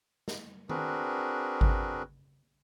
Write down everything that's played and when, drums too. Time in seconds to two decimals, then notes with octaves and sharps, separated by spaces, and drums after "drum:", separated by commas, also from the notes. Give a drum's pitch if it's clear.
0.28 drum: snare
0.69 C4 D4 F#4 G#4 A#4 B4, drum: tom D#3
1.61 drum: kick G#1